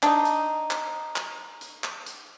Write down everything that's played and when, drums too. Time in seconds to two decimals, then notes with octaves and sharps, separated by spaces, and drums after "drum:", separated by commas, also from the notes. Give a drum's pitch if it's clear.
0.03 D4 D#4, drum: clap
0.25 drum: hi-hat
0.71 drum: clap
1.16 drum: clap
1.61 drum: hi-hat
1.84 drum: clap
2.06 drum: hi-hat